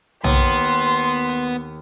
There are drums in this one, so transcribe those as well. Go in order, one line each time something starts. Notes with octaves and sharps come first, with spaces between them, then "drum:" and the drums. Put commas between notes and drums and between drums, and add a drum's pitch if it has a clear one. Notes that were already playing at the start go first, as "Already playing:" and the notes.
D#2 B3 C6, drum: tom B1
drum: hi-hat